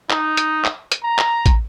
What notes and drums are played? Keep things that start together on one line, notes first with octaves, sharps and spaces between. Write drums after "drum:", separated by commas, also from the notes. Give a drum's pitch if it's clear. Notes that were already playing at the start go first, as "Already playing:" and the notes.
D#4, drum: clap
drum: hi-hat
drum: clap
drum: hi-hat
A#5
drum: clap
drum: kick A1, hi-hat